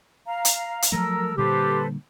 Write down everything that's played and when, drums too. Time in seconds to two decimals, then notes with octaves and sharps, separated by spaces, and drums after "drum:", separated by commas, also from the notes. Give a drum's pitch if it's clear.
0.26 F5 A#5
0.45 drum: hi-hat
0.82 drum: hi-hat
0.92 F3 F#3 A3 A4 A#4 A#5 E6
1.37 A#2 D3 G3 G4 A4 B4 C5